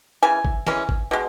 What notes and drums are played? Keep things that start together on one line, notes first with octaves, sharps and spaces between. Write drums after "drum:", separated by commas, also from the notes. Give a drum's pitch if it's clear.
C#3 E3 G#5
drum: kick G1
E3 G#3 C#4, drum: snare
drum: kick G1
B2 G#3